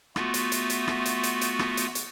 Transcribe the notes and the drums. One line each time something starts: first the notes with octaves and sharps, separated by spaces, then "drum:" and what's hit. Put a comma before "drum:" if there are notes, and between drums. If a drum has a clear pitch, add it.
A3 B3 F4 F#4, drum: rim click
drum: hi-hat
drum: hi-hat
drum: hi-hat
drum: rim click
drum: hi-hat
drum: hi-hat
drum: hi-hat
drum: rim click
drum: hi-hat
drum: hi-hat